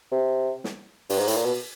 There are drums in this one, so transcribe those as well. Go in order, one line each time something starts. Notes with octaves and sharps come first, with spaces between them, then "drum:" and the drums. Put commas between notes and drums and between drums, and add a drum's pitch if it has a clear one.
C3
drum: snare
G2, drum: open hi-hat
G#2
A2, drum: hi-hat
A#2
B2